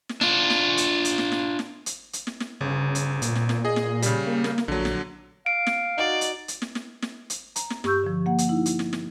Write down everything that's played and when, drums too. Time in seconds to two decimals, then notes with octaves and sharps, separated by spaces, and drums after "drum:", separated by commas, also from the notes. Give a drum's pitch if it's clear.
0.09 drum: snare
0.21 D4 F4, drum: snare
0.50 drum: snare
0.77 drum: hi-hat
1.05 drum: hi-hat
1.18 drum: snare
1.32 drum: snare
1.59 drum: snare
1.86 drum: hi-hat
2.13 drum: hi-hat
2.27 drum: snare
2.40 drum: snare
2.61 G1 C#3
2.95 drum: hi-hat
3.22 A#2, drum: hi-hat
3.36 drum: snare
3.49 drum: snare
3.65 G#4 D#5
3.76 drum: snare
4.02 C#3 G3, drum: hi-hat
4.27 A#3
4.44 drum: snare
4.58 drum: snare
4.68 A#1 D3 F#3
4.85 drum: snare
5.46 F5 D7
5.67 drum: snare
5.97 D#4 F#4 D5
6.21 drum: hi-hat
6.48 drum: hi-hat
6.62 drum: snare
6.75 drum: snare
7.03 drum: snare
7.30 drum: hi-hat
7.56 A#5, drum: hi-hat
7.70 drum: snare
7.84 G2 G4 C#6 E6 G6, drum: snare
8.04 D3 F3
8.26 A#3 F#5
8.38 drum: hi-hat
8.49 D#4 E4
8.66 drum: hi-hat
8.79 drum: snare
8.93 drum: snare